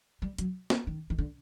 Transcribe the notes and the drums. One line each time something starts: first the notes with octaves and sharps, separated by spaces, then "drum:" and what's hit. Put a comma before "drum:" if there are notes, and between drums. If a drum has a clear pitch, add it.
G3
F#3, drum: hi-hat
drum: snare
D#3
D#3
D3